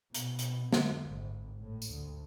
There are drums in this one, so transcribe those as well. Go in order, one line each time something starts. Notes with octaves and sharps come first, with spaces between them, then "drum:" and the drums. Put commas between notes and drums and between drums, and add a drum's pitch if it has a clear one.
B2, drum: hi-hat
drum: hi-hat
D3, drum: snare
G#1
A2
drum: tambourine
D2